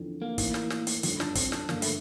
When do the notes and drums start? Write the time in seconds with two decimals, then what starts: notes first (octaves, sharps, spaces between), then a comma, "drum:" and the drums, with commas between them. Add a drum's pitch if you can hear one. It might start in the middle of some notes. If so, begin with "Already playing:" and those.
Already playing: E2 D3 F3 C4
0.22 A#3
0.38 A1 A2 E3, drum: kick, hi-hat
0.54 drum: snare
0.70 drum: snare
0.87 drum: hi-hat
1.03 G1 F2 D3 F3, drum: hi-hat
1.20 D4, drum: snare
1.35 C4, drum: kick, hi-hat
1.52 D4, drum: snare
1.69 G1 G2 D3 A#3, drum: snare
1.82 A3, drum: hi-hat